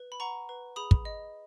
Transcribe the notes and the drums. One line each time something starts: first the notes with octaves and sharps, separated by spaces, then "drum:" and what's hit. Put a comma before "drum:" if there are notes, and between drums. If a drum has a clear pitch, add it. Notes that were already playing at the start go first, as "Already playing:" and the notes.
Already playing: B4
B5
F#5 A#5 C#6
B4
G#4 B5 D#6
drum: kick
D#5